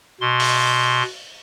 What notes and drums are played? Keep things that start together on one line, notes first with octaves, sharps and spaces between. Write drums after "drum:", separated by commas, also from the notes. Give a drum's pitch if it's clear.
B2 C6
drum: open hi-hat